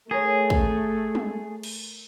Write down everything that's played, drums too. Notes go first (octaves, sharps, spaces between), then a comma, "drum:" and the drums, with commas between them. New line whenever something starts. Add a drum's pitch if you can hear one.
A3 G#4 A#4 C#5
drum: kick
drum: tom
drum: cymbal